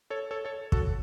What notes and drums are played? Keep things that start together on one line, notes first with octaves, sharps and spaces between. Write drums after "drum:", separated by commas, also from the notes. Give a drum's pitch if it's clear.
A4 C#5
A4 C#5
A4 C#5
F#4 A4, drum: kick